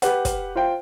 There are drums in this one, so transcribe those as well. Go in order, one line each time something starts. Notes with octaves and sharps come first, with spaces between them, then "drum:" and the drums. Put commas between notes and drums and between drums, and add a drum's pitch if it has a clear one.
G4 B4 F#5, drum: hi-hat
drum: kick, hi-hat
F4 C5 G5